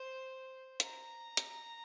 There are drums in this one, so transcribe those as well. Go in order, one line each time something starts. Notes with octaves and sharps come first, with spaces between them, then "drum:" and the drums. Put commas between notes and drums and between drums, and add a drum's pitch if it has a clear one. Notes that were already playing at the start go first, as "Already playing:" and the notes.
Already playing: C5
A#5, drum: hi-hat
drum: hi-hat